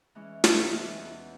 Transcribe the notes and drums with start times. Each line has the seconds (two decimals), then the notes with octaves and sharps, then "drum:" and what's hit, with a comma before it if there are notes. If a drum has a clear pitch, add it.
0.15 E3 G#3 C#4
0.44 C3, drum: snare
0.72 E3 G#3 C#4
1.00 E2